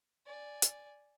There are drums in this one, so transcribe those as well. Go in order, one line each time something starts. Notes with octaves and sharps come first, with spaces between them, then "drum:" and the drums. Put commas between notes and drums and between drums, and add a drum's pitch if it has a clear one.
D5 G#5
drum: hi-hat